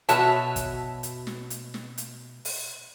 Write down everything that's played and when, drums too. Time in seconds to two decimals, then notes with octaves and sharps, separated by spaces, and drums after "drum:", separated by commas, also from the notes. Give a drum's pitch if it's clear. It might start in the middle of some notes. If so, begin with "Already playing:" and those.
0.09 B2 F#4 C#5 E5 A5, drum: hi-hat
0.56 drum: kick, hi-hat
1.03 drum: hi-hat
1.27 drum: snare
1.50 drum: hi-hat
1.74 drum: snare
1.98 drum: hi-hat
2.45 drum: open hi-hat